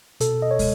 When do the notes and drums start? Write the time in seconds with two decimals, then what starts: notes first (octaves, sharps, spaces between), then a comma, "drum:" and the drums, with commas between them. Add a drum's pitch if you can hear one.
0.20 B2 A4, drum: hi-hat
0.42 D#5
0.51 C#5
0.59 G#3, drum: kick, open hi-hat